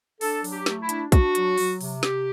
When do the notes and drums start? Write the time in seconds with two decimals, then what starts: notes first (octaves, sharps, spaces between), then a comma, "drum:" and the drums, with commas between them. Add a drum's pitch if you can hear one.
0.21 D4 A4, drum: open hi-hat
0.44 F#3, drum: open hi-hat
0.52 G4
0.66 A3, drum: snare
0.82 E4
0.89 D4, drum: hi-hat
1.12 D4 F#4, drum: kick, hi-hat
1.35 F#3, drum: hi-hat
1.57 F#3, drum: open hi-hat
1.81 C3, drum: open hi-hat
2.03 C3 G4, drum: snare